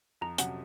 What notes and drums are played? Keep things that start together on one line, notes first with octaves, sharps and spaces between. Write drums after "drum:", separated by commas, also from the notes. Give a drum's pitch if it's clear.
F2 A#5
C3 F#3 C#4 F#5, drum: hi-hat